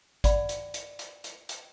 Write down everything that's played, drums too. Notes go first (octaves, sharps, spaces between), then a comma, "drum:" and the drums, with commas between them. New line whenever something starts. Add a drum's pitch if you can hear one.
D5 F#5 B5, drum: kick, hi-hat
drum: hi-hat
drum: hi-hat
drum: hi-hat
drum: hi-hat
drum: hi-hat